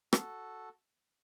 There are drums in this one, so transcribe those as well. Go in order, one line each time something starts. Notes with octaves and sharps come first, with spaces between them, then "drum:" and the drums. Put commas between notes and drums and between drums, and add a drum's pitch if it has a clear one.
F#4 A4, drum: rim click